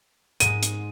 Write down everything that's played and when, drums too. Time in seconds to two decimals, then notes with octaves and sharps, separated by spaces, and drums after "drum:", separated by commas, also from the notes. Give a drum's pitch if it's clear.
0.40 G#2 G#3 D#7, drum: hi-hat
0.63 drum: hi-hat